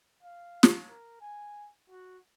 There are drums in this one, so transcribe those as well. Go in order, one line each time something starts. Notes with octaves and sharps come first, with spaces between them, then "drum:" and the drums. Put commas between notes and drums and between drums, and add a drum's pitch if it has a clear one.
F5
drum: snare
A#4
G#5
F#4